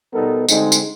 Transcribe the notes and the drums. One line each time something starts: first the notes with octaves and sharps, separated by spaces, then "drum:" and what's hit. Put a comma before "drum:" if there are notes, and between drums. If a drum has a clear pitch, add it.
B2 G3 B3 D#4 A4 A#4
D3 G3 G#3 C4 D#4, drum: tambourine
drum: tambourine